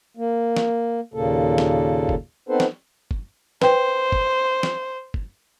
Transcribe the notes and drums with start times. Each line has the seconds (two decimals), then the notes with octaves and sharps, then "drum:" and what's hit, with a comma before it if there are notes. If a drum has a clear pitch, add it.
0.17 A#3
0.57 drum: snare
1.14 D#2 A#2 C#3 A#3 A4
1.58 drum: snare
2.09 drum: kick
2.49 B3 C4 D#4 A4 B4 C5
2.60 drum: snare
3.11 drum: kick
3.62 B4 C5 G5, drum: snare
4.12 drum: kick
4.63 drum: snare
5.14 drum: kick